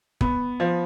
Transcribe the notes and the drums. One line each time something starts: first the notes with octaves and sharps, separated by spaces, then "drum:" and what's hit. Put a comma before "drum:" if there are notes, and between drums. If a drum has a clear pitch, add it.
B3, drum: kick
F3